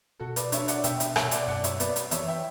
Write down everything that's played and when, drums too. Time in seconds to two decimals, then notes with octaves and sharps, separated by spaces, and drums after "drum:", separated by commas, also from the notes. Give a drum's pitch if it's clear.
0.20 B2 F#4 A4
0.36 B4 D5, drum: hi-hat
0.52 D4 C#5 E5, drum: hi-hat
0.68 D5 F#5, drum: hi-hat
0.84 B2 E5 G5, drum: hi-hat
1.00 drum: hi-hat
1.16 B2 C#5 E5, drum: rim click
1.31 D5 F#5, drum: hi-hat
1.47 F#2 D5 F#5
1.64 C#5 E5, drum: hi-hat
1.80 B3 B4 D5, drum: hi-hat
1.96 drum: hi-hat
2.11 E3 C#5 E5, drum: hi-hat
2.28 E5 G5